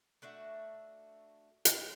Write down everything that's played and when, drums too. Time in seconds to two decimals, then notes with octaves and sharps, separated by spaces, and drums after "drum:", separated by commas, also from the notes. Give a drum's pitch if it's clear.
0.22 A3 D4 F#4 E5
1.65 drum: hi-hat